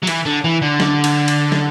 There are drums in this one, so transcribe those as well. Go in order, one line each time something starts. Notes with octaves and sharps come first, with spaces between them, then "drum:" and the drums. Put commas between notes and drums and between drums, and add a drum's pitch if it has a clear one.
F#3
E3, drum: cymbal
D3
E3
D3
drum: snare
drum: cymbal
drum: cymbal
drum: snare